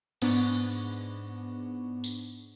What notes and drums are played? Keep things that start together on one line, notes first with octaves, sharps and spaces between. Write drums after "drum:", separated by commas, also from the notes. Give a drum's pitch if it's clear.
G#2 B3 D4 C#6, drum: cymbal
drum: tambourine